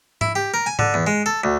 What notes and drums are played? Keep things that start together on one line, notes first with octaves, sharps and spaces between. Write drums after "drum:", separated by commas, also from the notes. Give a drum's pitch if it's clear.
E4, drum: tom G#2
G4
A#4
G#5
D3, drum: tom G#2
E2
G#3
A4
D2